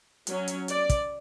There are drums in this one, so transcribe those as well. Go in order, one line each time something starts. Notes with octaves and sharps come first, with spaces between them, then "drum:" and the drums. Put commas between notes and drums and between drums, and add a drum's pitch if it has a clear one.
F#3 C#4, drum: hi-hat
drum: hi-hat
D5, drum: hi-hat
drum: kick, hi-hat